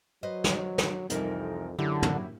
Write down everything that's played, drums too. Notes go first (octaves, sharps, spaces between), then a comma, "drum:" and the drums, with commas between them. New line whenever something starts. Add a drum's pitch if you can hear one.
F#3 B4 C5 D#5
drum: snare
drum: snare
C2 F2 E3 G3 D#4 A4 A#4, drum: hi-hat
F#2 D3 F#3 E4 G4
drum: tom